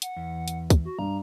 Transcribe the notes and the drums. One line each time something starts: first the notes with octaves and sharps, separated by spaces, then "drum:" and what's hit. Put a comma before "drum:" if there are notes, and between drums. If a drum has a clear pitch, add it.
F#5, drum: hi-hat
E2
drum: hi-hat
drum: kick, hi-hat
F#4
G2 A#5